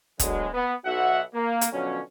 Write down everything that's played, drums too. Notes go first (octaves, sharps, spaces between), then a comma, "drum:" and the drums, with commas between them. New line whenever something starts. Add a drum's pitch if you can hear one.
D2 B2 D3 F#3 G#3, drum: kick, hi-hat
B3
B1 F#4 E5 F#5
A#3
drum: hi-hat
B2 D3 F3 F#3 C#4